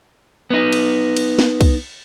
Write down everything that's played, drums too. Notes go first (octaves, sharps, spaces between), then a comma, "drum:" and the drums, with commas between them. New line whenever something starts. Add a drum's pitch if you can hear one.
B3 D#4
drum: cymbal
drum: cymbal
drum: snare
drum: kick, cymbal